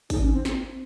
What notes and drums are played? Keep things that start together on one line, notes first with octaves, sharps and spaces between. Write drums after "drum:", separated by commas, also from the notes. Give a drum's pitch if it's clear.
D#4, drum: kick G#1, open hi-hat
C#4
C4
drum: snare